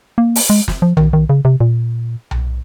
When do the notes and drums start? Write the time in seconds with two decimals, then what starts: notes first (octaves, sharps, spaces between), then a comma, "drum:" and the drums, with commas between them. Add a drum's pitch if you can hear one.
0.18 A#3
0.35 drum: open hi-hat
0.50 G#3
0.68 drum: snare
0.82 F3
0.97 D#3, drum: tom B1
1.13 D#3
1.29 C#3
1.45 C3
1.60 A#2
2.31 drum: tom B1